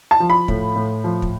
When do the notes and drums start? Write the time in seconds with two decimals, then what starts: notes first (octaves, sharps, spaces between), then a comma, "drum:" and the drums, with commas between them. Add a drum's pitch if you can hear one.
0.11 A5
0.20 F3
0.30 B5
0.48 A2, drum: kick
0.76 A2
1.04 F3
1.22 drum: kick